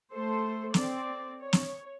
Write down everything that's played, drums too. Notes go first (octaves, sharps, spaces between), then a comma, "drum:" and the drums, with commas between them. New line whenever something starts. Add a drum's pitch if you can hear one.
A3 A4 C5
C4 D5, drum: snare
C#5
drum: snare